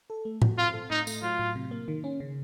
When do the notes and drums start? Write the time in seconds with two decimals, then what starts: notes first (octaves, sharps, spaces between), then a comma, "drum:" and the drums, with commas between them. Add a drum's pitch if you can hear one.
0.10 A4
0.25 A3
0.42 F#4, drum: tom A2
0.58 C4 F4
0.74 A4
0.90 A2 D#4
1.07 A3, drum: tambourine
1.23 F#3 F4
1.39 A2
1.55 C3
1.71 A#3
1.88 D#3
2.04 C#4
2.20 C#3